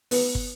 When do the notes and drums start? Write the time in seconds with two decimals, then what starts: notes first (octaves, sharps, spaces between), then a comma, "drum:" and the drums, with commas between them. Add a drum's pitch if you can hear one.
0.11 B3, drum: open hi-hat
0.35 drum: kick